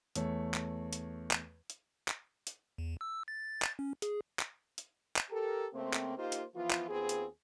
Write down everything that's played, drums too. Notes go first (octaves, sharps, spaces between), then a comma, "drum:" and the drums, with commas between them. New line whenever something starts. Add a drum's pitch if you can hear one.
E2 A3 C#5, drum: hi-hat
drum: clap
drum: hi-hat
drum: clap
drum: hi-hat
drum: clap
drum: hi-hat
E2
E6
A6
drum: clap
C#4
G#4, drum: hi-hat
drum: clap
drum: hi-hat
drum: clap
G4 A4 A#4
C#3 A3 A#3 C4
drum: clap
A#3 D#4 F4 G4 C5
drum: hi-hat
E3 F3 B3 F4
drum: clap
D#2 B3 C4 F4 G#4
drum: hi-hat